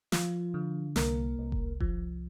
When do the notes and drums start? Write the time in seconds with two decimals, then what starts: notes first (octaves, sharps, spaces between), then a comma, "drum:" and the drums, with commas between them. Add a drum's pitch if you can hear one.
0.12 F3 F4, drum: snare
0.54 D3
0.96 C2 A#3 A#4, drum: snare
1.39 C2
1.52 drum: kick F1
1.80 F3, drum: kick F1